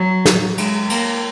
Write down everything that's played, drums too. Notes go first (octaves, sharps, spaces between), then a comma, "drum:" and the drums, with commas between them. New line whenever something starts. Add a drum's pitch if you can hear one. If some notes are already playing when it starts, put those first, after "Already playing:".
Already playing: F#3
drum: snare
G#3, drum: cymbal
A#3, drum: cymbal